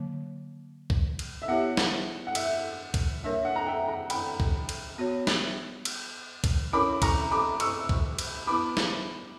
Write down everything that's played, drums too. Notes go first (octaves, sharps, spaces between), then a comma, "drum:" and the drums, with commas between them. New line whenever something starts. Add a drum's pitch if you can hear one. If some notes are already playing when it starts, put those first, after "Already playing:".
Already playing: D3 F#3 A#3
drum: kick C2
drum: cymbal
E5
B3 E4 G4 C#5 F#5
drum: snare
F#5
E5, drum: cymbal
drum: kick C2, cymbal
G3 A#3 D4 A#4 C#5 E5
F#5
A#5
E5 G5
F#5 A#5
G5 B5, drum: cymbal
drum: kick C2
drum: cymbal
B3 F#4 C#5
drum: snare
drum: cymbal
drum: kick C2, cymbal
C#4 E4 A#4 C#5 B5 D6
A#5 C#6, drum: kick C2, cymbal
B5 D6
C#6 E6, drum: cymbal
drum: kick C2
drum: cymbal
B3 E4 B4 B5 D6
drum: snare